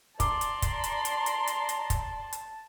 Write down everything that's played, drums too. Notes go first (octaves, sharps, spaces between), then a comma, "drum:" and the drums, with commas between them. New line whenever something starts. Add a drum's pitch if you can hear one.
D5 A5 A#5 C6 D6, drum: kick, hi-hat
drum: hi-hat
drum: kick, hi-hat
drum: hi-hat
drum: hi-hat
drum: hi-hat
drum: hi-hat
drum: hi-hat
drum: kick, hi-hat
drum: hi-hat